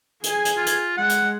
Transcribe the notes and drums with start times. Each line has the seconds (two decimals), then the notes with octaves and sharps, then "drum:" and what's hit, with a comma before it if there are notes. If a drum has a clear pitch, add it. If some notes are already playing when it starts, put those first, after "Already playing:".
0.24 G#4 G#5, drum: hi-hat
0.45 drum: hi-hat
0.57 F4
0.67 drum: hi-hat
0.97 G#3 F#5
1.10 drum: hi-hat